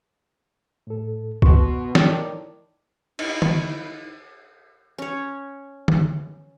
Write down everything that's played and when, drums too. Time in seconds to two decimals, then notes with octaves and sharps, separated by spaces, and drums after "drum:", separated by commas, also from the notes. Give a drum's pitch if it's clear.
0.87 A2 A4
1.42 B2 B4 C6 C#6, drum: kick
1.95 A2 D#3 C#5 D5 G5 A5, drum: snare
3.19 D#4 E4, drum: cymbal
3.42 drum: tom
4.98 C#4 C#5
5.88 drum: tom